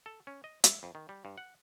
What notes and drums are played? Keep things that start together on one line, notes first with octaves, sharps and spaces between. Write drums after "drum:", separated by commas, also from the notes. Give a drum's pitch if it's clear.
A4
C#4
D#5
E5, drum: hi-hat
F2
D#3
G3
G2
F#5